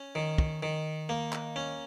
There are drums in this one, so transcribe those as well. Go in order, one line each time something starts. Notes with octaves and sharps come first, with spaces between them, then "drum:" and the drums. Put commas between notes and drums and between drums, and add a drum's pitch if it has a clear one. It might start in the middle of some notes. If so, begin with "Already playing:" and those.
Already playing: C#4
D#3
drum: kick
D#3
A#3
drum: clap
C#4